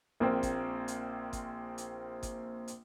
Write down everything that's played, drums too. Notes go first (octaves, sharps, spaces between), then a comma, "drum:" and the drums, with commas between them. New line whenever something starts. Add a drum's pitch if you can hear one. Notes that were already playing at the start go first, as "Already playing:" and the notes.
A#1 A#3 C4
drum: kick G1, hi-hat
drum: hi-hat
drum: kick G1, hi-hat
drum: hi-hat
drum: kick G1, hi-hat
drum: hi-hat